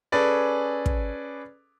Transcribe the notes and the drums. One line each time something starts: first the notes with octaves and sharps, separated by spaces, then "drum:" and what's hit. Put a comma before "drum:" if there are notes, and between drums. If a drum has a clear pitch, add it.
C#4 G#4 A4 B4 D5
drum: kick